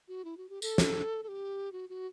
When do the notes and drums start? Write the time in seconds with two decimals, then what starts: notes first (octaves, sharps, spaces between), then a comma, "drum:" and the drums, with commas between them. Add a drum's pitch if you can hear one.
0.08 F#4
0.25 E4
0.37 F#4
0.49 G4
0.62 A4, drum: tambourine
0.78 drum: snare
1.23 A4
1.28 G4
1.72 F#4
1.89 F#4